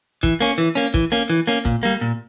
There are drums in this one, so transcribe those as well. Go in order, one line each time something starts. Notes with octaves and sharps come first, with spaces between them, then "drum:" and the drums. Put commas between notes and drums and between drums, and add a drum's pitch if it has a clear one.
E3, drum: kick
A#3 C#4
E3
A#3 C#4
E3, drum: kick
A#3 C#4
E3
A#3 C#4
A#2, drum: kick
G3 A#3
A#2